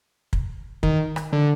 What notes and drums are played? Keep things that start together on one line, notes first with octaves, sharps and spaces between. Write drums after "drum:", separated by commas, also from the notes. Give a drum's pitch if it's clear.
drum: kick
D#3, drum: kick
drum: rim click
D3